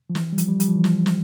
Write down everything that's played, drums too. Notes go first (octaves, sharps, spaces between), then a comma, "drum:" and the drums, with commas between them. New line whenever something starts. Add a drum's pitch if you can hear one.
F3
E3, drum: snare
G3
F3, drum: hi-hat
G3
G3, drum: hi-hat
F3
E3
F3, drum: snare
drum: snare